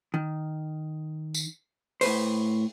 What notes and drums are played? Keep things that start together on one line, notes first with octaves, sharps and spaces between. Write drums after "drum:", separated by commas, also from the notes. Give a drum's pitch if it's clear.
D#3
drum: tambourine
A2 B4 C5, drum: open hi-hat